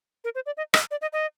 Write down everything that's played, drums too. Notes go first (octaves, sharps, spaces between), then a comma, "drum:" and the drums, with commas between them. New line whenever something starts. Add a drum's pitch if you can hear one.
A#4
C5
D5
D#5
D#5, drum: rim click
D5
D#5
D#5